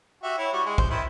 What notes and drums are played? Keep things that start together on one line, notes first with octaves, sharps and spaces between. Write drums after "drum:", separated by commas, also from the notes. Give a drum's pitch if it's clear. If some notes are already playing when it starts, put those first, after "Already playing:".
F#4 G4 E5
E4 C#5
G3 F#4 C#6
G#3
C5, drum: kick
D#3 E4 C6